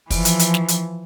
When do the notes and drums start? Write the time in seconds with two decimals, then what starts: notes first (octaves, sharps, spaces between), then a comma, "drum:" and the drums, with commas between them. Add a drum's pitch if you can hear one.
0.10 E3 F3, drum: kick, open hi-hat
0.25 drum: hi-hat
0.39 drum: hi-hat
0.54 drum: snare
0.68 drum: hi-hat